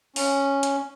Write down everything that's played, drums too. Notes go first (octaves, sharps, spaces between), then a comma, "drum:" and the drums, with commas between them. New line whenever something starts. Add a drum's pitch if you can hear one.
C#4, drum: open hi-hat
drum: hi-hat